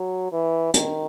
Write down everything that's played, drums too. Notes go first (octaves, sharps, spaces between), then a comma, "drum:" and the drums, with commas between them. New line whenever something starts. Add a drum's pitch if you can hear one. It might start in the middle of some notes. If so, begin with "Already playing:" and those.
Already playing: F#3
E3
D#3, drum: hi-hat